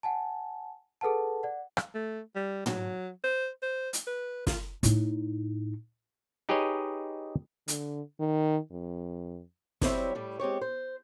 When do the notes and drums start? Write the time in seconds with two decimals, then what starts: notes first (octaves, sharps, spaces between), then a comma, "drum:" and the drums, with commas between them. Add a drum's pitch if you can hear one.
0.03 F#5 G#5 A5
1.01 G#4 A4 B4 F#5 A5
1.43 D5 F#5
1.77 drum: rim click
1.95 A3
2.36 G3
2.66 F#3, drum: tom
3.24 C5
3.62 C5
3.93 drum: hi-hat
4.07 B4
4.47 F4, drum: snare
4.83 A2 D#4, drum: hi-hat
6.49 D#4 G4 G#4 B4 C#5 D#5
7.68 D3, drum: hi-hat
8.20 D#3
8.71 F2
9.81 F#3 G3 C4 E4 C#5 E5, drum: snare
10.15 A2 G3
10.40 G#3 C4 G4 C#5
10.61 C5